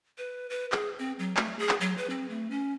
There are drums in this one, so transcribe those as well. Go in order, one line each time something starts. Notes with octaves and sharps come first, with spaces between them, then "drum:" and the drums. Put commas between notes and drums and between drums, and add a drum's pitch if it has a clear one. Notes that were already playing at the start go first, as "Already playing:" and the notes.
B4
B4
G#4, drum: clap
C4
F#3
A3, drum: clap
G#4
drum: clap
F#3
B4
C4
A3
C#4